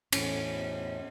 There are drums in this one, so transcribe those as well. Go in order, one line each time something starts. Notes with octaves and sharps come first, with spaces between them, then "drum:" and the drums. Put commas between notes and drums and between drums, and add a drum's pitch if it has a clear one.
E2 A2 C#4, drum: cymbal